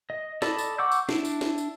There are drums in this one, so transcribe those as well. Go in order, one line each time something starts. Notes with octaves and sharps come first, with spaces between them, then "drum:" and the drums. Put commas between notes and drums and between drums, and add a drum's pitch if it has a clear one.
D#5
A4 D5 D#5 A5 B5, drum: snare
drum: tambourine
F#5 C#6 D6 E6 G6
drum: tambourine
D4 E4, drum: snare
drum: tambourine
drum: snare
drum: tambourine